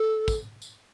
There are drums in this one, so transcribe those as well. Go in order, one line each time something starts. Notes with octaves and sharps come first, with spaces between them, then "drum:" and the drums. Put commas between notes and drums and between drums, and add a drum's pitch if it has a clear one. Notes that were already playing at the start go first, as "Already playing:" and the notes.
Already playing: A4
drum: kick, tambourine
drum: tambourine